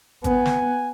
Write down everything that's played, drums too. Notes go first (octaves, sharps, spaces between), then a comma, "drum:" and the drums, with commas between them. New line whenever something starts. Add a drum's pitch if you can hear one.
B3 G#5, drum: kick G#1, hi-hat
drum: snare